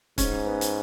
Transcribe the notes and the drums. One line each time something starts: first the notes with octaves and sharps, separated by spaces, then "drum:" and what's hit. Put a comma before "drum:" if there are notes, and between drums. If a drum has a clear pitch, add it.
G#2 C#4, drum: kick, hi-hat
B3
drum: hi-hat